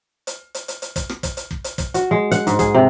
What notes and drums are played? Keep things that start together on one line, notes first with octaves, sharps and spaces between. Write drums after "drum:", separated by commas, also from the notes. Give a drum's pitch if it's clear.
drum: hi-hat
drum: hi-hat
drum: hi-hat
drum: hi-hat
drum: kick, hi-hat
drum: rim click
drum: kick, hi-hat
drum: hi-hat
drum: kick
drum: hi-hat
drum: kick, hi-hat
F#4, drum: hi-hat
G#3
F#5, drum: hi-hat
G#2, drum: hi-hat
G#4, drum: kick, hi-hat
C3